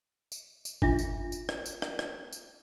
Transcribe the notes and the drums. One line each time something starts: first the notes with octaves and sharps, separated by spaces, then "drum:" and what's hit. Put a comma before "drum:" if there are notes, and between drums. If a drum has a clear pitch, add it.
drum: tambourine
drum: tambourine
D4 F4 E5, drum: kick G1
drum: tambourine
drum: tambourine
drum: rim click
drum: tambourine
drum: rim click
drum: rim click
drum: tambourine